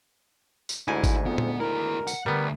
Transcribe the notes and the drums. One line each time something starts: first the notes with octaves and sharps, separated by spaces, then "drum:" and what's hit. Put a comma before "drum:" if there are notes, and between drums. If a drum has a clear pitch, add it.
drum: tambourine
D2 G#2 E4 G#5
drum: kick G#1, tambourine
F2 B3
drum: tom A#2
E4 G#4 A#4
F#5, drum: tambourine
D2 B2 G3 B3 A#4